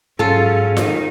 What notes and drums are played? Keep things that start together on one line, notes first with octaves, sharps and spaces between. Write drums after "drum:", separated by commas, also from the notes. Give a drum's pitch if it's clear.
G#2 F#3 C#4 F4 G#4 A4 F5
D#3 D#4, drum: snare F4